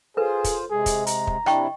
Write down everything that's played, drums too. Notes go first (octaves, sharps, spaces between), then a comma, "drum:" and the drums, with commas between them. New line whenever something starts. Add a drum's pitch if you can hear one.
F4 G#4 A4 B4 C5
drum: kick, hi-hat
C3 G#3 G#4
drum: kick, hi-hat
A#5, drum: hi-hat
drum: kick
C3 D4 E4 D#5 G5 C#6, drum: rim click